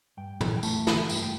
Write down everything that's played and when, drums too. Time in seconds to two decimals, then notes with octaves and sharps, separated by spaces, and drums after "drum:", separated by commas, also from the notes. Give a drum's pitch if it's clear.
0.17 G2 G5
0.41 E3, drum: tom
0.57 G5
0.63 A3 A5, drum: tambourine
0.87 E3, drum: snare
1.09 G2 G5, drum: tambourine
1.23 G5